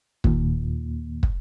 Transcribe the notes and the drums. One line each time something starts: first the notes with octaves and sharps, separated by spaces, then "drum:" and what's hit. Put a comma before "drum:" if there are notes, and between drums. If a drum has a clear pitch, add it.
D#2 A#2, drum: kick
drum: kick